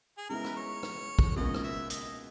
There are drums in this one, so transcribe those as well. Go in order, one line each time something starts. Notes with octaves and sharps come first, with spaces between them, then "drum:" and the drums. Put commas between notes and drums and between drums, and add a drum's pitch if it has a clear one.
G#4
C#3 G#3 B3 E4 A#4
B4, drum: rim click
C#5
drum: rim click
drum: kick
C#2 B2 A#3 C#4 D#5
drum: rim click
E5
D#5, drum: hi-hat